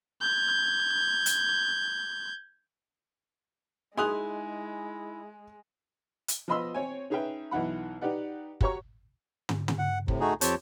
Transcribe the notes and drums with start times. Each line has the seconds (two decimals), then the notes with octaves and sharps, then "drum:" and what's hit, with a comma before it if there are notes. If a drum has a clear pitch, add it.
0.21 G6 G#6
1.26 drum: hi-hat
3.97 G#3 D#4 E4 G#4 G#5 C6 D#6 F#6
6.28 drum: hi-hat
6.48 F3 B3 D#5 B5 C6 E6
6.74 C4 C#5 G#5
7.10 C#4 D#4 G#4 B4 E5 G5
7.51 B1 E3 D#4 F#5 B5
8.01 D#4 G4 B4 D5 F#5
8.61 F#4 G4 C#5 A#5 C#6, drum: kick
9.49 drum: tom
9.68 drum: tom
9.78 F#5
10.08 A2 C3, drum: kick
10.20 A3 D#4 F#4 G#4
10.41 F2 C4 G4 C#5 A5 G6, drum: hi-hat